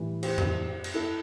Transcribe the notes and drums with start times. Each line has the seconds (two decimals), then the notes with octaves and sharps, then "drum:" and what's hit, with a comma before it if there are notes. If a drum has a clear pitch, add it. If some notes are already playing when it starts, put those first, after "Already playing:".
Already playing: A2 E3 G3
0.23 G4 C5, drum: cymbal
0.38 drum: tom F2
0.84 drum: cymbal
0.94 E4 A4